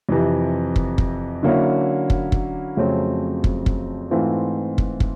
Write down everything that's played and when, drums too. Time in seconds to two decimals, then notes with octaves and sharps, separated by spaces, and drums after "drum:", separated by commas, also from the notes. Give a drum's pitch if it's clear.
0.09 F2 C3 E3
0.76 drum: kick
0.98 drum: kick
1.43 D3 F#3 A#3 C#4 E4
2.10 drum: kick
2.32 drum: kick
2.77 F2 C#3 F#3 A3 C4
3.44 drum: kick
3.66 drum: kick
4.11 G#2 E3 A3 C4 F4
4.78 drum: kick
5.00 drum: kick